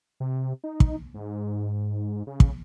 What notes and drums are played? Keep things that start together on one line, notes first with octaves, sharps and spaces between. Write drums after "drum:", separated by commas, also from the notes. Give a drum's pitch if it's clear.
C3
D#4
drum: kick
G#2
C#3
drum: kick